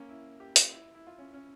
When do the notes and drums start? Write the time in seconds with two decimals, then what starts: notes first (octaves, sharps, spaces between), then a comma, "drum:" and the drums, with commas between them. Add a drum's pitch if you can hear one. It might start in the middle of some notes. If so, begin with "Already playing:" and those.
Already playing: A#3 C#4
0.09 E4
0.40 G4
0.56 F4, drum: hi-hat
0.72 E4
0.94 E4
1.07 F4
1.18 C#4
1.34 C#4